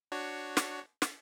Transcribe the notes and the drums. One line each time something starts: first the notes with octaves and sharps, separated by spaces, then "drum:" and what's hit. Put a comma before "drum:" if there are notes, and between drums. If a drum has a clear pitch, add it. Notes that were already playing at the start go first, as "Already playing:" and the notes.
D4 F#4 C#5
drum: snare
drum: snare